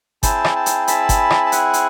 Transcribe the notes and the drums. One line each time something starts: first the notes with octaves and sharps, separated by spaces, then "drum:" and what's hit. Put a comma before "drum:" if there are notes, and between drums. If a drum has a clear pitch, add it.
C4 E4 G#4 G5 A5, drum: kick G1, hi-hat
drum: rim click
G5 A5
drum: hi-hat
A5 B5, drum: hi-hat
drum: kick G1, hi-hat
drum: rim click
A5
F#5 G#5, drum: hi-hat
drum: hi-hat